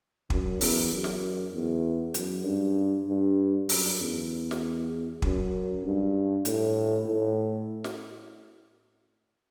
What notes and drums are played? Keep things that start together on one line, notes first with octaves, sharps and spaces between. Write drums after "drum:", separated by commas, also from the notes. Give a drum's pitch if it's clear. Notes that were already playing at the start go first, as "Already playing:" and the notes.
F#2, drum: kick
E2, drum: open hi-hat
F#2
drum: snare
E2
F#2, drum: hi-hat
G2
G2
F#2, drum: open hi-hat
E2
drum: snare
F#2, drum: kick
G2
A2, drum: hi-hat
A2
drum: snare